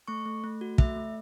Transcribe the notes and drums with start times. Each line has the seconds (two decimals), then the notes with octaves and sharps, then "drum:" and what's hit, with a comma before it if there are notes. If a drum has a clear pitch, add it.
0.08 A3 C#6
0.26 A3
0.44 A3
0.61 F#4
0.78 A3 E5, drum: kick
0.96 A3